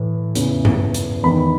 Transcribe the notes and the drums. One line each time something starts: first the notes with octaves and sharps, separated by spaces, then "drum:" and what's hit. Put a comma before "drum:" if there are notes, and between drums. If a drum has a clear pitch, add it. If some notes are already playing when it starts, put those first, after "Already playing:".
Already playing: A2 E3
E2 C#3 E3, drum: hi-hat
drum: tom G2
drum: hi-hat
E2 D#3 B5